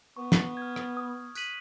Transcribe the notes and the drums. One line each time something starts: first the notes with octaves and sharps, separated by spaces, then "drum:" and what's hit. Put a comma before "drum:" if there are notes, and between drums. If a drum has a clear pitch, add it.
B3 C#6
drum: snare
F6 G#6
drum: rim click
D#6
F#6 B6 D#7 F#7, drum: tambourine